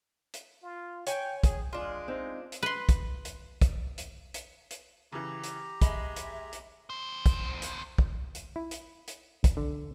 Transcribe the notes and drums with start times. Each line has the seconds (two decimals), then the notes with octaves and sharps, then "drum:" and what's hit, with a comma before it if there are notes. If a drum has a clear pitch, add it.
0.34 drum: hi-hat
0.62 F4
1.07 C#5 G5 G#5, drum: hi-hat
1.44 G#4, drum: kick, hi-hat
1.73 G#3 D4 F4
2.08 C4 D#4
2.52 drum: hi-hat
2.63 B4 C6
2.89 drum: kick, hi-hat
3.25 drum: hi-hat
3.62 drum: kick, hi-hat
3.98 drum: hi-hat
4.34 drum: hi-hat
4.71 drum: hi-hat
5.12 C#3 E3 G4 A#5
5.44 drum: hi-hat
5.82 G#3 E5 B5, drum: kick, hi-hat
6.16 drum: hi-hat
6.53 drum: hi-hat
6.90 E2 C5
7.26 drum: kick, hi-hat
7.62 drum: hi-hat
7.98 drum: kick
8.35 drum: hi-hat
8.56 E4
8.71 drum: hi-hat
9.08 drum: hi-hat
9.44 drum: kick, hi-hat
9.57 D3